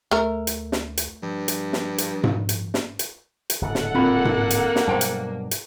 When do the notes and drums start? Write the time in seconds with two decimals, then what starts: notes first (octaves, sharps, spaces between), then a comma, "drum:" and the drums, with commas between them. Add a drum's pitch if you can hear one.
0.11 D2 A3 A#4
0.47 drum: hi-hat
0.72 drum: snare
0.97 drum: hi-hat
1.23 G2 F3
1.48 drum: hi-hat
1.73 drum: snare
1.98 drum: hi-hat
2.24 drum: tom G#2
2.49 drum: hi-hat
2.74 drum: snare
2.99 drum: hi-hat
3.50 drum: hi-hat
3.62 D1 G#2 C#3 A4 F#5
3.75 drum: snare
3.95 A#3 C4 F4 B5
4.25 drum: tom G#2
4.50 drum: hi-hat
4.76 drum: snare
4.87 G2 B2 F#3 C5 G5 A5
5.01 drum: hi-hat
5.51 drum: hi-hat